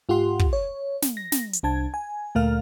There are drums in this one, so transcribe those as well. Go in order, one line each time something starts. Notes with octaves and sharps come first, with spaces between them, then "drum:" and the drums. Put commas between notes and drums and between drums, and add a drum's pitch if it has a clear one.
G#2 F4 G4 F#5 C6
drum: kick
C#5
drum: snare
A#6
drum: snare
drum: hi-hat
C2 D4 A5 G#6
G#5
D2 A#2 A3 A#4 F5 F6